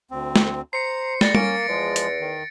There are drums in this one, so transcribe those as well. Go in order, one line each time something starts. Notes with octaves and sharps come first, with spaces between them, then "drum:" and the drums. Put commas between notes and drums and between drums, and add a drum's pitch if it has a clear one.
D2 C4
drum: snare A3
C5 A#5 C7 C#7
G3 A6 A#6 C#7, drum: snare A3
A#3 C#4 D7, drum: tom G3
E2 F3 G#3
drum: hi-hat
D#3